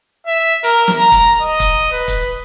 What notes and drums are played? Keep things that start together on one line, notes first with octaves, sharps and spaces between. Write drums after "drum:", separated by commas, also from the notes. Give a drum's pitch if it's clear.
E5
A#4, drum: hi-hat
drum: snare
A#5
drum: kick, hi-hat
D#5
drum: kick, hi-hat
B4
drum: kick, hi-hat